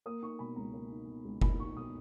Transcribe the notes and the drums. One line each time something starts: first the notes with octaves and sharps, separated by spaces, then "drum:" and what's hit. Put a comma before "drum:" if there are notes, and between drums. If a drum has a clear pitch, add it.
A#3 D#6
D#4 C#6
B2 B5
C#2 A#5
A#3
D#4
B2
C#2
A#3 B5, drum: kick F#1
D#4 C#6
B2 D#6